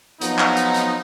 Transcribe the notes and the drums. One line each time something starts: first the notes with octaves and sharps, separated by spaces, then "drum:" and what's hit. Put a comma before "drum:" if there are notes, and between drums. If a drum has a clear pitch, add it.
F3 F#3 B3 D#4, drum: hi-hat
drum: clap
drum: hi-hat
drum: hi-hat